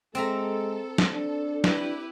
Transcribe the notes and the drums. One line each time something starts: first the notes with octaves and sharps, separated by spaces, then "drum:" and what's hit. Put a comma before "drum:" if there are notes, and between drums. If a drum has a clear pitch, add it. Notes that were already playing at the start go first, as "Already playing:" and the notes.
G#3 C4 A4 E5 A#5
drum: snare
D4
E4 G4 B4, drum: snare